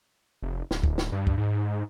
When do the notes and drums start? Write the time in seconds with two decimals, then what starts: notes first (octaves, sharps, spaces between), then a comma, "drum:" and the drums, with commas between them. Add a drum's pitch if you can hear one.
0.42 F1
0.71 D1, drum: snare
0.83 drum: kick
0.98 drum: snare
1.12 G2
1.27 drum: kick
1.38 G#2